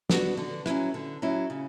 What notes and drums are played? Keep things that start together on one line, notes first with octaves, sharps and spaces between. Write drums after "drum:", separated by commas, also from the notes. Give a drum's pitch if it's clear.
B3 D4 F#4, drum: snare
D3
F#3 C#4 E4, drum: rim click
D3
F#3 C#4 E4
C#3